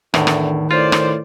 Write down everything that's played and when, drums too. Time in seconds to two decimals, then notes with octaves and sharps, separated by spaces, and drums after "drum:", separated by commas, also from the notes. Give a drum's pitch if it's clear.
0.14 E2 A2 D3 D#3, drum: rim click
0.27 drum: rim click
0.71 A2 F4 C5 D5
0.92 drum: rim click